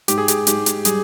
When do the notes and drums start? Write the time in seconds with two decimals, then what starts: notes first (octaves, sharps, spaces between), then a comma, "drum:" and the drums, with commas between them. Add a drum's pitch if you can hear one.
0.08 G#2 G4, drum: hi-hat
0.18 G#4
0.28 G4, drum: hi-hat
0.47 G#2 G4, drum: hi-hat
0.66 drum: hi-hat
0.85 G3 G#4, drum: hi-hat